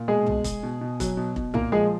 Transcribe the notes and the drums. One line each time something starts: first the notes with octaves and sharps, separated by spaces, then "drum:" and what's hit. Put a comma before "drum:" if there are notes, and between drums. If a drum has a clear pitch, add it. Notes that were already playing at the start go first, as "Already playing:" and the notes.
Already playing: A#2
B2 G#3 G#4
B2, drum: tom
G#3, drum: kick, hi-hat
B2
B2
F#3, drum: kick, hi-hat
B2
B2, drum: kick
A#2 A#3 A#4, drum: tom
F3 G#3 G#4